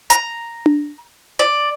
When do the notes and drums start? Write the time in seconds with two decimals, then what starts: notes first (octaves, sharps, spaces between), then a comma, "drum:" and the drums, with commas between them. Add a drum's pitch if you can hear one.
0.10 A#5, drum: hi-hat
0.66 drum: tom D4
1.39 D5